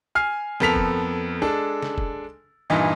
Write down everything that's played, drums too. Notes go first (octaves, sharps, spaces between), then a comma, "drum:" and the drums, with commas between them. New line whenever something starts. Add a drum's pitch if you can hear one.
G#5 F6 C7
F2 B3 A4 A#4 B6 F7, drum: snare
drum: kick E1
G#3 D4 A4
drum: snare
drum: kick E1
G2 A#2 E3 D#4